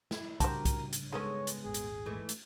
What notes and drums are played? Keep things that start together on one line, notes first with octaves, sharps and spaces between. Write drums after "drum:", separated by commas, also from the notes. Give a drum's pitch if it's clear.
E4, drum: snare
C#3 G3 D4 F#4 G4 A#4 C5 A5, drum: kick C2, hi-hat
drum: kick C2, hi-hat
drum: hi-hat
D#3 G#3 B3 C#4 A4 C#5
drum: hi-hat
D#1 G#1 G#4
drum: hi-hat
G#2 E3 A3
drum: hi-hat